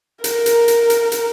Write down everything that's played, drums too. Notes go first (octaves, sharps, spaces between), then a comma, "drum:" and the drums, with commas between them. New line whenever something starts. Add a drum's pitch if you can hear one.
A#4, drum: hi-hat
drum: hi-hat
drum: hi-hat
drum: hi-hat
drum: hi-hat